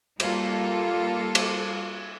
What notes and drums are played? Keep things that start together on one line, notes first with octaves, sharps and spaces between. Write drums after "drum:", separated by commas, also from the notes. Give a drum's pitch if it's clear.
G3 A#3 F4 A4, drum: cymbal
drum: cymbal